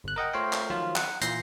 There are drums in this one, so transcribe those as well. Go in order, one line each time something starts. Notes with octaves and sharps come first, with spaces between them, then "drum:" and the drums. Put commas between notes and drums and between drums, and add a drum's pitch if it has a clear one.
G1 F#6
A#4 D#5 F#5 G5
A3 F4 C5 C#5 F5 G5
drum: clap
D#3 F3 F#3 F4
F#5, drum: clap
A#2 E3 F4 G6 A#6 C7, drum: hi-hat